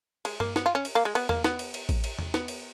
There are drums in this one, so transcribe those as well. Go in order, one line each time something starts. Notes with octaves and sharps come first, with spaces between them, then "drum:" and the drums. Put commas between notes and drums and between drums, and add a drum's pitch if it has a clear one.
G#3, drum: cymbal
A#3, drum: tom G2
B3, drum: snare
F4
C#4
drum: cymbal
A#3
G#3
B3, drum: cymbal
A#3, drum: tom E2
B3, drum: snare
drum: cymbal
drum: cymbal
drum: kick A1, cymbal
drum: cymbal
drum: tom E2
B3, drum: snare
drum: cymbal